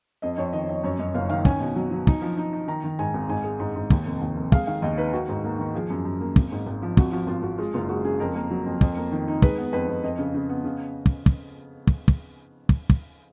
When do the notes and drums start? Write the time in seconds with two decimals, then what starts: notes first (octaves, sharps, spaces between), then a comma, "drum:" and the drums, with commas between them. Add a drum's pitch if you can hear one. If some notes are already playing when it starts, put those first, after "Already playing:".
0.22 F2 D#5
0.38 F2 C#5
0.53 D#3 D#5
0.68 F2 D#5
0.84 F#2 C#5
0.99 F#2 D#5
1.14 F#1 F5
1.30 D#3 F5
1.45 C#4 G#5, drum: kick
1.60 B2
1.76 F#3
1.91 F#3
2.07 D#4, drum: kick
2.22 F3
2.37 D#4
2.53 D#4
2.68 D#3 A#5
2.84 D#3
2.99 G#2 G#5
3.14 G#1
3.29 G#2 G#5
3.44 G#3
3.59 G#2
3.75 G#2
3.90 D#2, drum: kick
4.06 F1
4.21 D#2
4.37 F1
4.52 G#3 F5, drum: kick
4.67 D#3 F5
4.82 D#2 D#5
4.98 D#4 B4
5.13 D#3 F#4
5.28 G#2
5.44 A#3
5.59 D#3
5.74 F3 G#4
5.90 F#2
6.05 F#2
6.21 A#3
6.36 G#1, drum: kick
6.52 G#2
6.66 G#1
6.82 F3
6.97 G#1 F#4, drum: kick
7.12 F3 F#4
7.27 G#1 F4
7.43 G#1 F#4
7.58 G#3 F4
7.74 F#1 F4
7.89 G#3 F#4
8.04 C#3 G#4
8.19 F2 A#4
8.35 A#3
8.51 F#3
8.66 F2
8.81 F2, drum: kick
8.97 A#3
9.12 D#3
9.27 D#4
9.42 G#3 B4, drum: kick
9.58 B3
9.73 F2 B4
9.88 F2
10.03 F2 D#5
10.18 C#3
10.34 C#3
10.49 B3
10.64 C#3
11.06 drum: kick
11.26 drum: kick
11.87 drum: kick
12.08 drum: kick
12.69 drum: kick
12.90 drum: kick